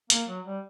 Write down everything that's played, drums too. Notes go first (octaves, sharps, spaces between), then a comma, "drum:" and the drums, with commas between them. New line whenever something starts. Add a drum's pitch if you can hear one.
A#3, drum: hi-hat
F#3
G3